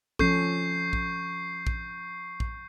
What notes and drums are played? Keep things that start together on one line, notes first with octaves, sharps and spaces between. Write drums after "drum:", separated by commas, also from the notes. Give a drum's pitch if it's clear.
F3 C#4 A4 C#6 G6 C7, drum: kick A#1
drum: kick A#1
drum: kick A#1
drum: kick A#1